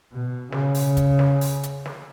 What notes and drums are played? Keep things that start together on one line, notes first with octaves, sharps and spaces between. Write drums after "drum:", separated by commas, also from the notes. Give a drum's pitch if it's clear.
B2
C#3, drum: snare
drum: open hi-hat
drum: kick, hi-hat
drum: snare
drum: open hi-hat
drum: hi-hat
drum: snare